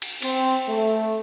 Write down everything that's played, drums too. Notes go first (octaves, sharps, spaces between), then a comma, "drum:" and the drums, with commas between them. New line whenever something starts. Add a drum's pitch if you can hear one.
drum: cymbal
C4, drum: cymbal
A3